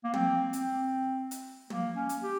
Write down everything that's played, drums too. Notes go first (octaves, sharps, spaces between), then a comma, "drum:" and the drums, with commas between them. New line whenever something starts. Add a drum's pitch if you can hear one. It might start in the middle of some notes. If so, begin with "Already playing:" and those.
A#3
C4, drum: tom
C4, drum: hi-hat
drum: hi-hat
A#3, drum: tom
C#4
drum: hi-hat
G4